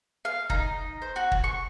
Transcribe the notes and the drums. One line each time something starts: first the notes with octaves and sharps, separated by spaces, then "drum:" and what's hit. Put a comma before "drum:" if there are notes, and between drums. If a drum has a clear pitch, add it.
F5
D#4, drum: kick
C5
F#4
drum: kick
C#6